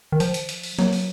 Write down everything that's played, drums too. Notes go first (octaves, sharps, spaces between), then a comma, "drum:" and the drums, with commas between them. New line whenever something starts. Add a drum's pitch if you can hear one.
D#3
F3, drum: hi-hat
drum: hi-hat
drum: hi-hat
drum: open hi-hat
F#3, drum: snare
drum: open hi-hat